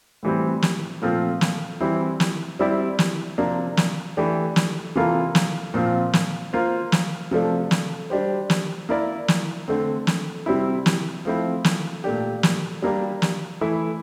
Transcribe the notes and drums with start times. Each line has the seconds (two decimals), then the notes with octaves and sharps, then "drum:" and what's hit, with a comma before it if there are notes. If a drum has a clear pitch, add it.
0.23 A2 E3 G3 C4
0.62 drum: snare
1.02 A#2 F3 A3 C4 F4
1.41 drum: snare
1.80 E3 G3 C4 E4
2.20 drum: snare
2.59 G3 C4 E4 G4 D5
2.99 drum: snare
3.38 C3 F3 A#3 D4
3.77 drum: snare
4.17 E3 A3 D4 G4
4.56 drum: snare
4.95 C3 E3 A#3 F4 A4
5.35 drum: snare
5.74 A#2 F3 C4 F4
6.13 drum: snare
6.53 A#3 F4 C5
6.92 drum: snare
7.31 C3 F3 A3 D4 A4
7.71 drum: snare
8.10 G3 D4 G4 C5
8.50 drum: snare
8.89 A#3 E4 A#4 D5
9.28 drum: snare
9.68 D3 A3 C4
10.07 drum: snare
10.46 C3 G3 C4 E4
10.86 drum: snare
11.25 F3 A3 C4 E4
11.64 drum: snare
12.04 A#2 A3 D4 G4
12.43 drum: snare
12.82 G3 A#3 D4 G4
13.22 drum: snare
13.61 E3 A3 E4